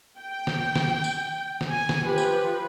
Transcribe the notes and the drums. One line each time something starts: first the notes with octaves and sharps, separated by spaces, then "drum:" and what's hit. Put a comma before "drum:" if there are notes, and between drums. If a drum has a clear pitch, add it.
G5
drum: snare
drum: snare
drum: tambourine
drum: snare
G#5
drum: snare
F3 G4 B4
drum: tambourine